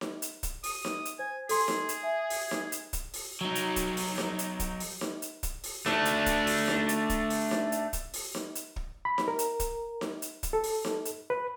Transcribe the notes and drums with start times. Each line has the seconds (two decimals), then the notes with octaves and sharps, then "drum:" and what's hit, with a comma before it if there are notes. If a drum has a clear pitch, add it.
0.01 drum: snare D#4
0.22 drum: hi-hat
0.43 drum: kick, hi-hat
0.64 D#6, drum: open hi-hat
0.85 drum: snare D#4
1.05 drum: hi-hat
1.19 C5 G#5
1.49 G#4 A4 C6, drum: open hi-hat
1.68 drum: snare D#4
1.89 drum: hi-hat
2.03 E5 G#5
2.30 drum: open hi-hat
2.51 drum: snare D#4
2.72 drum: hi-hat
2.93 drum: kick, hi-hat
3.14 drum: open hi-hat
3.41 F#3 D#4
3.55 drum: hi-hat
3.76 drum: kick, hi-hat
3.97 drum: open hi-hat
4.18 drum: snare D#4
4.39 drum: hi-hat
4.60 drum: kick, hi-hat
4.80 drum: open hi-hat
5.01 drum: snare D#4
5.22 drum: hi-hat
5.43 drum: kick, hi-hat
5.64 drum: open hi-hat
5.86 A3 D4, drum: snare D#4
6.05 drum: hi-hat
6.26 drum: kick, hi-hat
6.47 drum: open hi-hat
6.68 drum: snare D#4
6.89 drum: hi-hat
7.10 drum: kick, hi-hat
7.30 drum: open hi-hat
7.51 drum: snare D#4
7.72 drum: hi-hat
7.93 drum: kick, hi-hat
8.14 drum: open hi-hat
8.35 drum: snare D#4
8.55 drum: hi-hat
8.76 drum: kick
9.05 B5
9.18 drum: snare D#4
9.28 A#4
9.39 drum: hi-hat
9.60 drum: kick, hi-hat
10.01 drum: snare D#4
10.22 drum: hi-hat
10.43 drum: kick, hi-hat
10.53 A4
10.64 drum: open hi-hat
10.85 drum: snare D#4
11.05 drum: hi-hat
11.30 B4